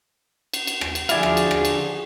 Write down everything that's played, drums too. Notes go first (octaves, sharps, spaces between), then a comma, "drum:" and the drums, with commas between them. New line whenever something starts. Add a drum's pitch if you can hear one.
drum: cymbal
drum: cymbal
drum: rim click
drum: cymbal
D3 F3 E4 F#4 G#4 D5 F5 G#5, drum: cymbal
drum: rim click
drum: cymbal
drum: rim click
drum: cymbal